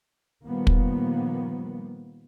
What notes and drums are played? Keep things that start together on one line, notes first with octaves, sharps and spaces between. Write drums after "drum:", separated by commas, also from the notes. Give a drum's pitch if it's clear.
A#2 D#3 F3 G3 A#3 B3
drum: kick